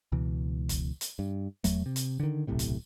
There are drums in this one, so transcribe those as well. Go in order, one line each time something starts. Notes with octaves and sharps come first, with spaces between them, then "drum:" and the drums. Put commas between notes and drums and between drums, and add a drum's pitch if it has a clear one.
C#2 B2 E3
drum: kick, hi-hat
drum: hi-hat
G2
E2 F#3 A3, drum: kick, hi-hat
C3
drum: hi-hat
D3 D#3
D1 B1 A2 C3
drum: hi-hat